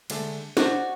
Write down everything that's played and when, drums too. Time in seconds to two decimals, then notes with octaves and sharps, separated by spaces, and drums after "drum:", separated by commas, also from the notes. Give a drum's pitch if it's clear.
0.10 D3 G#3 A3, drum: cymbal
0.57 F#4 C5 D5 D#5, drum: snare